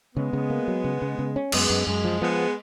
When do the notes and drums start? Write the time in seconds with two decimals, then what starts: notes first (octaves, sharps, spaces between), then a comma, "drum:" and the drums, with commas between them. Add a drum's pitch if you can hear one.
0.15 C#3 G#3 B3
0.33 C#3
0.50 A#3
0.68 F#3
0.84 C#3
1.02 C#3
1.19 C#3
1.36 C#4
1.52 F#2 G#3 B3, drum: cymbal
1.70 F#2
1.87 F#2 G#3
2.04 F3
2.21 F3 G#3 B3